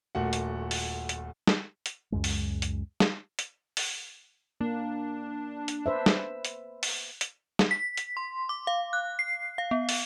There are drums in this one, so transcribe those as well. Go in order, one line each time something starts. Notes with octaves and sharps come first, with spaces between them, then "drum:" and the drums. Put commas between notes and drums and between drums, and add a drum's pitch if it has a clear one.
D#1 A#2 A3 F#4 F#5
drum: hi-hat
drum: open hi-hat
drum: hi-hat
drum: snare
drum: hi-hat
C#2 F#2 G#3
drum: open hi-hat
drum: hi-hat
drum: snare
drum: hi-hat
drum: open hi-hat
A#3 D4
drum: hi-hat
B4 C5 E5
drum: snare
drum: hi-hat
drum: open hi-hat
drum: hi-hat
drum: snare
B6
drum: hi-hat
C6
D6
F5
F#6
C7
F5
B3
drum: open hi-hat